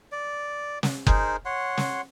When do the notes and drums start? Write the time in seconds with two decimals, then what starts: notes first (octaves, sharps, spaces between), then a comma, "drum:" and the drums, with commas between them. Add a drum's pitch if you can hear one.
0.12 D5
0.83 drum: snare
1.07 D#4 G#4 A#4 C5, drum: kick F#1
1.45 C#5 F#5 C6
1.77 drum: snare